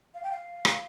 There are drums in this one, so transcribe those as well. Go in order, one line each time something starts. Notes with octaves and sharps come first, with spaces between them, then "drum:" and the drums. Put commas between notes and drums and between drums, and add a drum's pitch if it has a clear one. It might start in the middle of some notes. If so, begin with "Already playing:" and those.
F5
G5
F5
drum: rim click